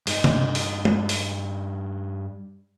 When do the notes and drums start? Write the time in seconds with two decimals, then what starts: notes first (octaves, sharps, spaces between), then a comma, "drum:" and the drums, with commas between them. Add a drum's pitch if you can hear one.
0.07 G2 D#4, drum: open hi-hat
0.24 drum: tom C3
0.55 drum: open hi-hat
0.85 drum: tom G#3
1.09 drum: open hi-hat